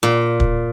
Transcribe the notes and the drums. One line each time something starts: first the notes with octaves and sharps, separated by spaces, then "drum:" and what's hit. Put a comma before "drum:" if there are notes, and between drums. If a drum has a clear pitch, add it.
A#2
drum: kick